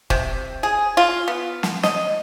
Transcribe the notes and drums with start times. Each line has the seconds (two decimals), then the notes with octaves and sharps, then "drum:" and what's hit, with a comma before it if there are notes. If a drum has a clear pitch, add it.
0.10 C3, drum: kick F1
0.63 G#4
0.97 F4
1.28 B3
1.63 drum: snare
1.83 D#5, drum: snare